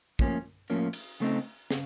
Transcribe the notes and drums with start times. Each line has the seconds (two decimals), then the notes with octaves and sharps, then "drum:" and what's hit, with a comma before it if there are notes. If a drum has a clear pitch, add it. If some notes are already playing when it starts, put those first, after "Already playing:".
0.19 A2 F3 A#3 C#4, drum: kick
0.70 A2 F3 A#3 C#4
0.93 drum: cymbal
1.20 C#3 A3 C4 D#4
1.71 C#3, drum: snare